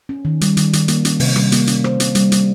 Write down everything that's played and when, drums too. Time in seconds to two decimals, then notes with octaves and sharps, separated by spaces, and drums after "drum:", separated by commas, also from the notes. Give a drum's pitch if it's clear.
0.09 C#4
0.25 D#3
0.41 G3, drum: hi-hat
0.57 D#3, drum: hi-hat
0.73 D#3, drum: hi-hat
0.88 A#3, drum: hi-hat
1.05 C#4, drum: hi-hat
1.20 C3, drum: open hi-hat
1.36 G3, drum: rim click
1.52 A#3, drum: hi-hat
1.67 C#4, drum: hi-hat
1.84 C5, drum: rim click
2.00 C4, drum: hi-hat
2.15 G3, drum: hi-hat
2.32 G3, drum: hi-hat